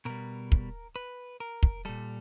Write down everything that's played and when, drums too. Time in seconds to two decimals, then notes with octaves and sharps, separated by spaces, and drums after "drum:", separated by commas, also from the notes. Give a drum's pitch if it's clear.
0.05 B2 G3 A#4
0.52 drum: kick
0.96 B4
1.40 A#4
1.63 drum: kick
1.85 A#2 G3 A4